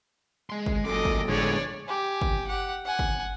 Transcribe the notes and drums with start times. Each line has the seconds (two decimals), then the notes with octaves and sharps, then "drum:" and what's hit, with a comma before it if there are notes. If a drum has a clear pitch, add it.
0.50 G#3 C6
0.66 drum: kick
0.86 F#2 A#2 A4 D#5 D6
1.05 drum: kick
1.28 A2 D3 F3 G#3 B3 C#5 D5
1.87 G4 G#5
2.22 drum: kick
2.47 G4 F#5
2.85 F#5 G#5
2.99 drum: kick